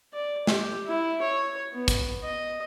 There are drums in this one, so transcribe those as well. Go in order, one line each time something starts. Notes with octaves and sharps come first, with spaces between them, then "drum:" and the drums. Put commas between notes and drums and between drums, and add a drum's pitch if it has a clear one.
D5
G4, drum: snare
E4
C#5
B3
drum: kick, hi-hat
D#5